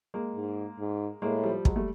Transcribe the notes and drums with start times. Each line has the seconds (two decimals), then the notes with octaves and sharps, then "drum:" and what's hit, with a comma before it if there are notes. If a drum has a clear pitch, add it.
0.14 G#3 A#3
0.35 G#2
0.79 G#2
1.22 A2 G#3 A#3
1.43 F3 G3
1.65 F#3 G#3, drum: kick
1.76 G3 A3